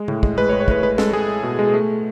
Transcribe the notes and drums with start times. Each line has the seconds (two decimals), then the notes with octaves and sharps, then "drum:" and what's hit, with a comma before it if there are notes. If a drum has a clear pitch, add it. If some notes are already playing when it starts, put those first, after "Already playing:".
Already playing: G#3
0.08 A2, drum: tom C#3
0.23 G#3, drum: kick
0.38 G#3 B4
0.49 C#5
0.52 G#3
0.60 C#5
0.68 A2 B4, drum: kick
0.83 G#3 B4
0.98 G#3 A4, drum: snare
1.13 G#3 G#4
1.28 G#3
1.43 B2
1.59 G#3
1.74 A3